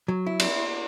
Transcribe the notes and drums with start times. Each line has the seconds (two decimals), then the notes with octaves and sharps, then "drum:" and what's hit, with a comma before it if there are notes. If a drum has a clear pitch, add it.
0.08 F#3
0.27 E4
0.40 drum: cymbal